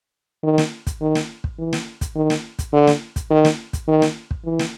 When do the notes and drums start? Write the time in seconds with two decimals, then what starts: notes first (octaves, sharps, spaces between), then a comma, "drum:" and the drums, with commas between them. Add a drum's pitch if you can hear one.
0.43 D#3
0.58 drum: snare
0.87 drum: kick, hi-hat
1.01 D#3
1.15 drum: snare
1.44 drum: kick
1.58 E3
1.73 drum: snare
2.01 drum: kick, hi-hat
2.16 D#3
2.30 drum: snare
2.59 drum: kick, hi-hat
2.73 D3
2.87 drum: snare
3.16 drum: kick, hi-hat
3.30 D#3
3.45 drum: snare
3.73 drum: kick, hi-hat
3.88 D#3
4.02 drum: snare
4.31 drum: kick
4.45 E3
4.59 drum: snare